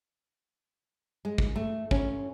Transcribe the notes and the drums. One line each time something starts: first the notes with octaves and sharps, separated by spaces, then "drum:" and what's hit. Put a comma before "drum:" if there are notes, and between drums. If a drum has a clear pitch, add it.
G#3
drum: kick
A3
C#4, drum: kick